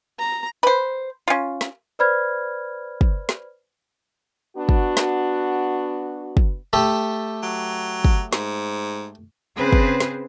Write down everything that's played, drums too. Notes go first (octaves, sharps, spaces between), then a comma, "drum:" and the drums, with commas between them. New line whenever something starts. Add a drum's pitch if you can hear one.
A#5
B4 C5
C#4 F4
drum: snare
B4 C5 D5 B5 F6 G#6
drum: kick
drum: snare
B3 D4 F#4
drum: kick
drum: snare
drum: kick
A3 G4 A4
F#3
drum: kick
G#2, drum: snare
C#3 C4 G#4 B4 C5
drum: kick
drum: snare